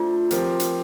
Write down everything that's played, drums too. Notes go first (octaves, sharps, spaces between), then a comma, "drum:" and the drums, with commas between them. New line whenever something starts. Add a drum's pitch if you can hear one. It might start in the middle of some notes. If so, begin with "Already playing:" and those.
Already playing: A3 D4 F4 A4 C5
F3 C4 G4 A#4, drum: hi-hat
drum: hi-hat